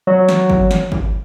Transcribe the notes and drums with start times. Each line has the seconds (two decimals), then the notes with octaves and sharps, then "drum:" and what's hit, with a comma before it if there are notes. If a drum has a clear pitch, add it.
0.07 F#3
0.29 drum: snare
0.50 drum: kick G1
0.71 drum: snare
0.92 drum: kick G1